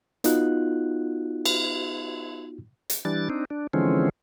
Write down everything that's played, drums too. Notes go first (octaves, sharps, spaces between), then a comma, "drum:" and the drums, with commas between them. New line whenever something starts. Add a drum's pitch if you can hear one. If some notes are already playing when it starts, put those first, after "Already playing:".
B3 D#4 F4 F#4 F#6, drum: hi-hat
drum: cymbal
drum: hi-hat
E3 G3 D4 A6
C4 D4 D#4
D4
D3 E3 F3 G#3 C4 C#4